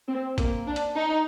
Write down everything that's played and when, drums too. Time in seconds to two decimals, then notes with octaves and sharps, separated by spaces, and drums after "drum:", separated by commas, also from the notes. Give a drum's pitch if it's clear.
0.08 C4
0.38 A#3, drum: kick, hi-hat
0.67 D4
0.76 drum: hi-hat
0.96 D#4